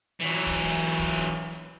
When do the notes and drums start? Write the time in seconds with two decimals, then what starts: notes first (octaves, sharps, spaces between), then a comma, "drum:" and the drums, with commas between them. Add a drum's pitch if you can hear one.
0.20 E3 F#3, drum: hi-hat
0.47 drum: kick, hi-hat
0.99 drum: kick, open hi-hat
1.26 drum: hi-hat
1.52 drum: hi-hat